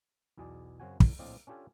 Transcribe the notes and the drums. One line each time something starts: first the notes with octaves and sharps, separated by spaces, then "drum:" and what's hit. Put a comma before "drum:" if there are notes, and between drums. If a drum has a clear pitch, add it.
B1 E2 B2 G#4 D5 G#5
F#2 C#3 C4 F#4 G#5
A2, drum: kick
A#1 A2 C4 D5 D#5 F5
C#4 D4 F4 G4 A4 G#5